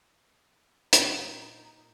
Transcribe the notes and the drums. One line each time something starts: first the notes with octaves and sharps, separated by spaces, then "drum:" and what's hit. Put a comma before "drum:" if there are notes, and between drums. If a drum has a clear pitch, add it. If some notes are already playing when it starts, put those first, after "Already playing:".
A#2 D#4, drum: hi-hat